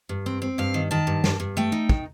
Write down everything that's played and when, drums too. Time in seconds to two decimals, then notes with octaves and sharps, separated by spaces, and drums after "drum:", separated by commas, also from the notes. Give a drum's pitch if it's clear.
0.09 G2
0.26 C4
0.42 C4
0.58 G2 F5
0.74 D#3
0.91 D#3 A5
1.07 G2
1.24 G2, drum: snare
1.40 G2
1.57 A3 G5
1.72 D#4
1.89 D#3, drum: kick